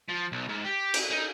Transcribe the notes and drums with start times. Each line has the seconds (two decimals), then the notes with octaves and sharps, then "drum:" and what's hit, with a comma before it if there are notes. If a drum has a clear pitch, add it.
0.09 F3
0.32 B1
0.49 G#2
0.65 G4
0.94 drum: cymbal
1.11 D#4